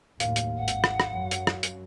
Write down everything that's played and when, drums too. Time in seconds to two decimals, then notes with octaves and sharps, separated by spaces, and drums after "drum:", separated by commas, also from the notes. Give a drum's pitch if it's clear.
0.20 F#1 D#2 A2 F5, drum: hi-hat
0.36 drum: hi-hat
0.57 G#1 F#5
0.68 drum: hi-hat
0.84 drum: rim click
1.00 drum: rim click
1.11 F#2 F#3
1.31 drum: hi-hat
1.47 drum: rim click
1.63 drum: hi-hat